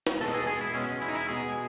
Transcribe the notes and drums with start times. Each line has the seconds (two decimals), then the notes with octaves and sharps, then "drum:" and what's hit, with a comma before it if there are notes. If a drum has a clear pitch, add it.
0.07 drum: snare
0.20 B2 G#3 A4
0.34 G#4
0.47 G#4
0.61 E4
0.74 B2 G#3 C#4
1.02 E4
1.08 D#4
1.15 E4
1.28 B2 G#3 G#4